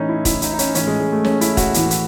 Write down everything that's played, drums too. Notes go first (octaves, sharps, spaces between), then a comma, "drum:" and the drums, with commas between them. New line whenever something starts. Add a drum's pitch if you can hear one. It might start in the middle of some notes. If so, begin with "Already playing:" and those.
Already playing: A2 E3 C#4 D#4
E4
E4, drum: kick, hi-hat
D#4, drum: hi-hat
D#4
C#4, drum: hi-hat
A2 E3 C#4, drum: hi-hat
G#3
G#3
A3
C#4, drum: snare
E4, drum: hi-hat
F#4, drum: kick, hi-hat
A2 E3, drum: hi-hat
drum: hi-hat